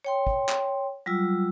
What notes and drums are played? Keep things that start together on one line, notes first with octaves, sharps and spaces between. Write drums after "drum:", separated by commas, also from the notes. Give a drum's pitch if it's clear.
C#5 G5 C6
drum: kick
drum: clap
F#3 G3 F4 E6